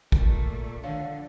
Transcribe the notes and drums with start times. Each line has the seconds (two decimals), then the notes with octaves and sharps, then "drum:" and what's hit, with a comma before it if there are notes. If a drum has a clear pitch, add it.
0.12 A#2 A3, drum: kick
0.84 D3 D#3 F3 C#5 F5